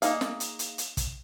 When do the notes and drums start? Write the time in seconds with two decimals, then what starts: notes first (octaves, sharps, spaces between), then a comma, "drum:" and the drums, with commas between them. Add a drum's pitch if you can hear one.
0.02 A#3 D#4 G#4 F5, drum: hi-hat
0.21 drum: snare
0.40 drum: hi-hat
0.59 drum: hi-hat
0.78 drum: hi-hat
0.97 drum: kick, hi-hat